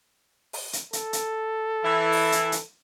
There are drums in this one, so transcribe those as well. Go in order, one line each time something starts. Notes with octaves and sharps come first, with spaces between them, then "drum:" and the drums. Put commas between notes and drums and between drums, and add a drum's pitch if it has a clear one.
drum: open hi-hat
drum: hi-hat
A4, drum: hi-hat
drum: hi-hat
E3 E4
drum: open hi-hat
drum: hi-hat
drum: hi-hat